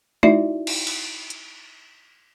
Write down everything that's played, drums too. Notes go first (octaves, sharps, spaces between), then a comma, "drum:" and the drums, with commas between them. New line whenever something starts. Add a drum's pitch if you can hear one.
D#4 E4 F#4 D5 E5, drum: tom G#3
drum: cymbal
drum: cymbal
drum: hi-hat